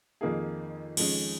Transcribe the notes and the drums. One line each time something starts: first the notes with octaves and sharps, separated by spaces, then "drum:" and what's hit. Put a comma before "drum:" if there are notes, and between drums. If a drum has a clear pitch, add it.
F2 D#3 A#3 D#4 G#4
F2 D#3 G#3 C#4, drum: cymbal